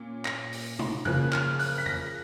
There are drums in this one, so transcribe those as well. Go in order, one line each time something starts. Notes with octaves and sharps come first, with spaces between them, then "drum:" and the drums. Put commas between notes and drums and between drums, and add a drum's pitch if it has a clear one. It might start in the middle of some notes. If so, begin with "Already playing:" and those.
Already playing: A#2 C#4
A#6, drum: clap
drum: open hi-hat
drum: tom
C#3 F3 A#3 F#6, drum: tom F2
F6, drum: clap
F#6, drum: open hi-hat
B6
A#6, drum: tom F2